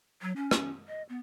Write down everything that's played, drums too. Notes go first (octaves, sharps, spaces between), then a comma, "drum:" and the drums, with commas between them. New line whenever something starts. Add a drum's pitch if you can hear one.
F#3
C#4
drum: rim click
D#5
B3